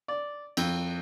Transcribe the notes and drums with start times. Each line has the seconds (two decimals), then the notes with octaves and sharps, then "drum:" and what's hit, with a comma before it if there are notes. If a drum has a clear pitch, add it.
0.08 D5
0.57 F2, drum: cymbal